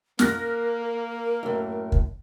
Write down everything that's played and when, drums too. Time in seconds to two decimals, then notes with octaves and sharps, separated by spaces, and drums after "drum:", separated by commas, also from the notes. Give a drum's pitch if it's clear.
0.19 A#3 A#4 F6 F#6 A#6, drum: snare
1.43 F#2 A2
1.92 drum: kick